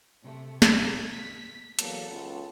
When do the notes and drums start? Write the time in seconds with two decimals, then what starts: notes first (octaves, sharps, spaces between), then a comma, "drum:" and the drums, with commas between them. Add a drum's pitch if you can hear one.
0.24 C3 A3
0.62 G#6, drum: snare
1.09 B6
1.79 E2 F#3 A#3 A4 F#5, drum: hi-hat
2.08 C#2